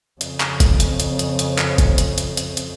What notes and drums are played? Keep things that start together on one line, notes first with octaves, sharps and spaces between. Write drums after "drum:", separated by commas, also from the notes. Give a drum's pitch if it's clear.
F2 C#3, drum: hi-hat
drum: clap
drum: kick F#1, hi-hat
drum: hi-hat
drum: hi-hat
drum: hi-hat
drum: hi-hat
drum: clap
drum: kick F#1, hi-hat
drum: hi-hat
drum: hi-hat
drum: hi-hat
drum: hi-hat